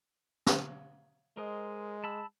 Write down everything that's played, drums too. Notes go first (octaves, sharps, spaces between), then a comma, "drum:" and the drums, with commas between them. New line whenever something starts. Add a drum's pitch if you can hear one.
drum: snare
G#3 A#4 C5 D#5
A5 B5 E6